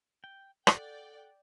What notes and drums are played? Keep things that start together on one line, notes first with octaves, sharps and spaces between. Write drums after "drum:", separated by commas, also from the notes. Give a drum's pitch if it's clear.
G5
A4 D5 F#5 G5, drum: rim click